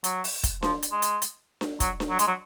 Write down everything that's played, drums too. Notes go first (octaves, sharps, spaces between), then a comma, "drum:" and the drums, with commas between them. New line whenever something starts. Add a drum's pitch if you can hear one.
F#3, drum: hi-hat
drum: open hi-hat
drum: kick, hi-hat
F3, drum: snare D4
drum: hi-hat
G#3
drum: hi-hat
drum: hi-hat
drum: snare D4
F#3, drum: kick, hi-hat
drum: snare D4
F#3
G#3, drum: hi-hat
F#3